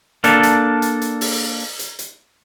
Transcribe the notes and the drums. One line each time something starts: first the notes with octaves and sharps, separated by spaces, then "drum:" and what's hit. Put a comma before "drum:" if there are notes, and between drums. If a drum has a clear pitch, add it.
A#3 D4 A4, drum: hi-hat
drum: hi-hat
drum: hi-hat
drum: hi-hat
drum: open hi-hat
drum: hi-hat
drum: hi-hat